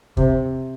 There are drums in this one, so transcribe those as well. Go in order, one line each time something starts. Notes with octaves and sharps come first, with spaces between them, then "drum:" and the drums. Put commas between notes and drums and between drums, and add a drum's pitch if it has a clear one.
C3, drum: kick